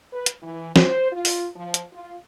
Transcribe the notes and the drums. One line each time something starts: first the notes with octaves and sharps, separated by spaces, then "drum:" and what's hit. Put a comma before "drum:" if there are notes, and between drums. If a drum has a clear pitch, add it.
B4
drum: hi-hat
E3
C5, drum: snare
F4
drum: open hi-hat
F3
drum: hi-hat
F4